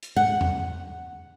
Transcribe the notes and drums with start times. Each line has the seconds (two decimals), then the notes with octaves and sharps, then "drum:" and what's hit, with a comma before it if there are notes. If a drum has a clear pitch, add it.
0.03 drum: hi-hat
0.16 F#5
0.41 drum: tom E2